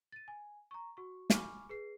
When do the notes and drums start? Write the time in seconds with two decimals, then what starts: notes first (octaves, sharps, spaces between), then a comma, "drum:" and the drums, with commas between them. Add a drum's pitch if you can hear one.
0.12 A6 D#7
0.28 G#5
0.71 A#5 C#6
0.97 F#4 C#6
1.30 G#5 B5 C#6 D6 F6, drum: snare
1.69 G#4 B4 C7